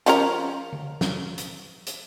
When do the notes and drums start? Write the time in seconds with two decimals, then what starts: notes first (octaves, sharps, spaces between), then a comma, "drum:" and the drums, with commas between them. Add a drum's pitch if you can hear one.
0.06 F3 C#4 A#4, drum: hi-hat
0.73 drum: tom D3
1.01 drum: snare
1.38 drum: hi-hat
1.86 drum: hi-hat